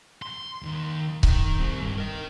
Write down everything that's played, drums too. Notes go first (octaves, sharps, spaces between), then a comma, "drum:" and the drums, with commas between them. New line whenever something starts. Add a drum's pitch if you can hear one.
C6
D#2 D#3
D#3, drum: kick C#1
G3 C4
G2
A#4 D#5